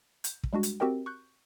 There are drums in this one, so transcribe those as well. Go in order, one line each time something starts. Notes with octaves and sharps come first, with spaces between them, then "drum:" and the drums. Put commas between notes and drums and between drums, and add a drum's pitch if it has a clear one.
G6, drum: hi-hat
drum: kick
G3 G#3 D4 F#4
drum: hi-hat
C4 F#4 G4 A#4 D#5 G5
C#6 F#6 G6